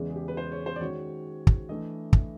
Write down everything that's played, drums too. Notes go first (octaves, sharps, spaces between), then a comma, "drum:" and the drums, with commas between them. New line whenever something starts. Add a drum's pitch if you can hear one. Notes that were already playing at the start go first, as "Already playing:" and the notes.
Already playing: E2 C#3 E3 G#3
G#4
G4
B4
C5
C#5
C5
D5
D#3 G#3 C#4 F#4 C#5
drum: kick
E3 A3 D4 D#5
drum: kick